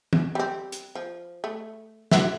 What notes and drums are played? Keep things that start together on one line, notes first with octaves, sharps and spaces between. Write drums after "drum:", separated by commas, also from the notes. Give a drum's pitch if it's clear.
drum: tom
G3 C4
drum: hi-hat
F3
A3
E4 F#4 E5, drum: snare